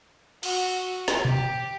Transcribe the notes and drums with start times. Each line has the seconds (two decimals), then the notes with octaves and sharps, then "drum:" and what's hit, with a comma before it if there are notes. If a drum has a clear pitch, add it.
0.43 F#4, drum: cymbal
1.08 drum: snare
1.25 G4, drum: tom A#2